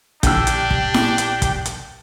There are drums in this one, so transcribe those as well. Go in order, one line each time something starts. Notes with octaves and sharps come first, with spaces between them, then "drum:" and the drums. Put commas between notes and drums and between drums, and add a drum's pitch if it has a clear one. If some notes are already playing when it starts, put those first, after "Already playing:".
A#1 D3 D4 G4 G5 E6, drum: kick, hi-hat
drum: hi-hat
drum: kick
drum: snare E4
drum: hi-hat
drum: kick, hi-hat
drum: hi-hat